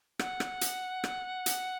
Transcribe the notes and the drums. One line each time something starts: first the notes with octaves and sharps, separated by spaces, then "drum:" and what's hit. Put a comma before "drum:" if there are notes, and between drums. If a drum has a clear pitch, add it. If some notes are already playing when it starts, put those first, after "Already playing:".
F#5, drum: rim click
drum: rim click
drum: hi-hat
drum: rim click
drum: hi-hat